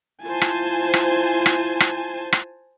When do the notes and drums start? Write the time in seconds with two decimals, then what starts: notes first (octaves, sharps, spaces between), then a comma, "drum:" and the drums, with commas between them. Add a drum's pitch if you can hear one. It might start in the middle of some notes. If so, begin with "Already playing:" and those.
0.24 E4 F4 C5 G#5 A5
0.41 drum: rim click
0.94 drum: rim click
1.46 drum: rim click
1.80 drum: rim click
2.33 drum: rim click